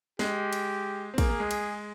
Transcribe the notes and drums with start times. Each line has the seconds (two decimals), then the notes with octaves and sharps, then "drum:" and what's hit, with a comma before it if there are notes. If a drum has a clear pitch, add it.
0.19 G#3 G4, drum: snare
0.53 drum: cymbal
1.14 C4
1.18 A#3 G#4, drum: kick, cymbal
1.29 A#3
1.40 G#3
1.51 drum: cymbal